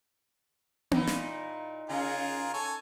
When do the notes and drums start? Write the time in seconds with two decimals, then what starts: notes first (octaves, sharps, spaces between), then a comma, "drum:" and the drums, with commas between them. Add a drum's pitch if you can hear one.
0.91 A#2 D#4 E4, drum: tom B3
1.07 drum: snare
1.89 C#3 F4 G#4 A#4
2.54 A4 C#5 G#5